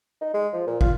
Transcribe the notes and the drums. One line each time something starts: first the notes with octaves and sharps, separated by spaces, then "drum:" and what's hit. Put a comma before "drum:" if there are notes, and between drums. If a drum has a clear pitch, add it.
D#4
G#3
F3
A#2
F4, drum: kick